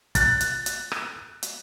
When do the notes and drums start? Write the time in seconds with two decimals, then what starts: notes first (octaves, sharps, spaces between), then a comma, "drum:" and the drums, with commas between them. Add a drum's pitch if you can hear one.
0.15 F#6 A6, drum: kick, hi-hat
0.41 drum: hi-hat
0.66 drum: hi-hat
0.92 drum: rim click
1.43 drum: hi-hat